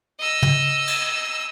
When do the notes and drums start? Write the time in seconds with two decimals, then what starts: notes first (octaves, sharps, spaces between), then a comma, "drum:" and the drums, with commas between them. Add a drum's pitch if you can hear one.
0.20 D#5 E6
0.43 drum: tom
0.87 drum: cymbal